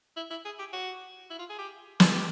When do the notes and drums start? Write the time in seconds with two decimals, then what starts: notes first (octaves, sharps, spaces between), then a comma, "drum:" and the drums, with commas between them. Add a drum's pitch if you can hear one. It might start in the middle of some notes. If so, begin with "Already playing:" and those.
0.16 E4
0.31 E4
0.45 G#4
0.59 G4
0.73 F#4
1.30 E4
1.39 F4
1.50 G#4
1.58 G4
2.00 G#4, drum: snare
2.13 G4